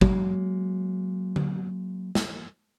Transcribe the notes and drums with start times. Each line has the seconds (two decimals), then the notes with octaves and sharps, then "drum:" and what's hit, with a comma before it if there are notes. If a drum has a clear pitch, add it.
0.01 F#3 G#3 A#3, drum: kick G#1
1.36 drum: tom D3
2.15 drum: snare